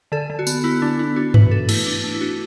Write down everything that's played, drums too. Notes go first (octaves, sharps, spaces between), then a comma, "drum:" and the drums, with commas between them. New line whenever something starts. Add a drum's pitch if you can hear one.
D3 A4
D3
F#4
B3, drum: tambourine
B3 E4
D3 D4
B3 E4
D4 F#4
E3 B4, drum: tom G2
D4 A4
A3 E4, drum: cymbal
D4
A3
E4
D4 F#4